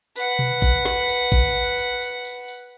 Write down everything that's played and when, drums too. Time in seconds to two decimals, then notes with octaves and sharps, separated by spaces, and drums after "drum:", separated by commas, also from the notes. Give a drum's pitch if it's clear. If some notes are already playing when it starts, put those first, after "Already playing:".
0.16 B4 F#5, drum: tambourine
0.39 drum: tom B2
0.62 drum: kick A1, tambourine
0.85 drum: snare
1.09 drum: tambourine
1.32 drum: kick A1, tambourine
1.78 drum: tambourine
2.02 drum: tambourine
2.25 drum: tambourine
2.48 drum: tambourine